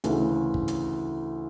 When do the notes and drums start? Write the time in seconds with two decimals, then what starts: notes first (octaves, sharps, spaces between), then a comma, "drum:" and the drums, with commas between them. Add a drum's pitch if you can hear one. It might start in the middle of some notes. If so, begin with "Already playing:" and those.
0.04 D2 C#3 E3 A3, drum: hi-hat
0.54 drum: kick
0.68 drum: hi-hat